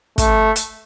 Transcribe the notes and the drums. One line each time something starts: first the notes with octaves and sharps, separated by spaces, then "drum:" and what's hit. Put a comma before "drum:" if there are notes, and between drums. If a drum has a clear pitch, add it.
A3, drum: kick, hi-hat
drum: hi-hat